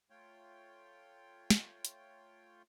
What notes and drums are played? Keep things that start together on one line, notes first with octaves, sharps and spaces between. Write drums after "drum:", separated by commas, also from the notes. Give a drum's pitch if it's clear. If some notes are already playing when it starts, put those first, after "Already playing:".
A3 F4 C#5 G5
drum: snare
drum: hi-hat